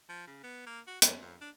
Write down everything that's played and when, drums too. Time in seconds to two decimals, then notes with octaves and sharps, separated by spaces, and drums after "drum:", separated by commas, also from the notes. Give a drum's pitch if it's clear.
0.09 F3
0.27 C#3
0.43 B3
0.67 A#3
0.87 F#4
1.02 F#2, drum: hi-hat
1.21 F2
1.41 D4